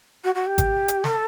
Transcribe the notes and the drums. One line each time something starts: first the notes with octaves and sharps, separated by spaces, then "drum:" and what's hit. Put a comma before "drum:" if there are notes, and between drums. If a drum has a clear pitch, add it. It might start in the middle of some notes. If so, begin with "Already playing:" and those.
F#4
F#4
G4
drum: kick G#1, hi-hat
drum: hi-hat
A4, drum: snare